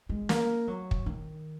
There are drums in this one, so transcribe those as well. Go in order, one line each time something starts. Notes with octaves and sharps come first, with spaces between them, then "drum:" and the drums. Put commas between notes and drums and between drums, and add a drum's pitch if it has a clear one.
G#3
A#3, drum: snare
F#3
drum: kick
D#3